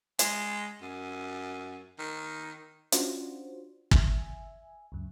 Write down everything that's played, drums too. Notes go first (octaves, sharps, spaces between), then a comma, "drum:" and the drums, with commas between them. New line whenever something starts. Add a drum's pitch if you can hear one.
G#3, drum: hi-hat
F#2
D#3
C#4 D4 F4 F#4 C5, drum: hi-hat
E5 G#5, drum: kick
C#2 F#2